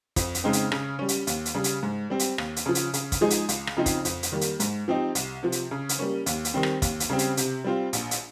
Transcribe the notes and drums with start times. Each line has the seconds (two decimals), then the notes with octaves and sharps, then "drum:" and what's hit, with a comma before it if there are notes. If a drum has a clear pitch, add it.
0.16 F2, drum: kick, hi-hat
0.35 drum: hi-hat
0.44 C#3 G#3 C4 D#4
0.53 drum: hi-hat
0.72 C#3, drum: rim click
0.99 G3 C#4
1.08 drum: hi-hat
1.27 D#2, drum: hi-hat
1.45 drum: hi-hat
1.54 C#3 G3
1.64 drum: hi-hat
1.83 G#2
2.10 G3 C4
2.19 drum: hi-hat
2.38 D#2, drum: rim click
2.56 drum: hi-hat
2.66 C#3 F3
2.75 drum: hi-hat
2.93 C#3, drum: hi-hat
3.12 drum: kick, hi-hat
3.21 F3 G#3 D#4 G#4
3.30 drum: hi-hat
3.49 C#2, drum: hi-hat
3.67 drum: rim click
3.77 C#3 F3 C4 D#4
3.86 drum: kick, hi-hat
4.05 F2, drum: hi-hat
4.23 drum: hi-hat
4.32 D#3 G3 A#3
4.41 drum: hi-hat
4.60 G#2, drum: hi-hat
4.88 F3 C4 D#4 G4
5.15 C2, drum: hi-hat
5.43 C3 F3
5.52 drum: hi-hat
5.71 C#3
5.89 drum: hi-hat
5.99 G3 A#3 C#4
6.26 D#2, drum: hi-hat
6.45 drum: hi-hat
6.54 D#3 G3 C4
6.63 drum: rim click
6.82 D#2, drum: kick, hi-hat
7.00 drum: hi-hat
7.10 C#3 G3 C4
7.19 drum: hi-hat
7.37 C3, drum: hi-hat
7.64 G3 C4 F4
7.93 A#1, drum: hi-hat
8.11 drum: hi-hat